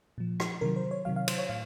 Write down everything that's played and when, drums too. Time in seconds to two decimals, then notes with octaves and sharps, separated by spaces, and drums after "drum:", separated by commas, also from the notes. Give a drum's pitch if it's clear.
0.18 A#2 F3
0.40 drum: rim click
0.61 C3 D#3 F#3 A#4
0.76 C5
0.91 C#5
1.05 C3 D#3 F#3 F5
1.16 F5
1.28 C5, drum: cymbal
1.38 C#5
1.49 A2 F5